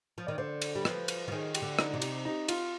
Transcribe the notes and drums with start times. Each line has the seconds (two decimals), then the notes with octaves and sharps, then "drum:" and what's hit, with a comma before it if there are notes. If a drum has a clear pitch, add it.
0.18 F3
0.27 D#3 D5
0.38 D3 C5
0.62 drum: cymbal
0.75 G3
0.85 F3 B4, drum: rim click
1.08 drum: cymbal
1.28 F3
1.32 D#3 G#4
1.55 G4, drum: cymbal
1.62 D3
1.79 D#4, drum: rim click
1.94 C3
2.02 D#4, drum: cymbal
2.25 D#4
2.48 F4, drum: cymbal